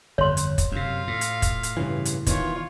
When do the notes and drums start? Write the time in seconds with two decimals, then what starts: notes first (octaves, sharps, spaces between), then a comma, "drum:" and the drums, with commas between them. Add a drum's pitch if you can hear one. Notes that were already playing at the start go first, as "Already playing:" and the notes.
0.18 G1 F2 C#5 C6
0.37 drum: hi-hat
0.58 drum: kick, hi-hat
0.72 F#2 C3 F4 F5
1.07 A2
1.21 drum: hi-hat
1.42 drum: kick, hi-hat
1.63 drum: hi-hat
1.77 G2 C#3 E3
2.05 drum: hi-hat
2.27 B2 D#3 E3 F4 C#5, drum: kick, hi-hat